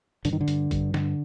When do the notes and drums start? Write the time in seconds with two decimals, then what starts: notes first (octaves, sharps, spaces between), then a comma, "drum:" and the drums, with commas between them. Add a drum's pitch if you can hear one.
0.25 G2 D3, drum: hi-hat
0.33 D#3
0.41 D3
0.48 G2, drum: hi-hat
0.71 G2, drum: kick A1, hi-hat
0.94 D3, drum: snare